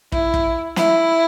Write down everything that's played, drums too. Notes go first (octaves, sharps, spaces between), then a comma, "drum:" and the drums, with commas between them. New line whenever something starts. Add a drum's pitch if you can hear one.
E4, drum: kick
drum: kick
E4, drum: snare